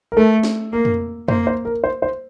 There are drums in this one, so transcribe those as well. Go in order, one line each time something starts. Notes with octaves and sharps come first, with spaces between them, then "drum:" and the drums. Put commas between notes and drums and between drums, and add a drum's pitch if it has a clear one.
A#4
A3 A4
drum: snare
A#3 A#4
drum: tom F2
A#3 C5, drum: tom F2
C5
A#4
C5
C5